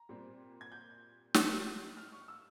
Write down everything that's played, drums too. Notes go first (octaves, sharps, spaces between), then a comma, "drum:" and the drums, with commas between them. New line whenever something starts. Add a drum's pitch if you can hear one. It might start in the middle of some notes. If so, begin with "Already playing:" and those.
Already playing: A#5
A#2 G3 C4
G#6
G6
G#2 G3 A#3 C#4, drum: snare
F6
C#6
E6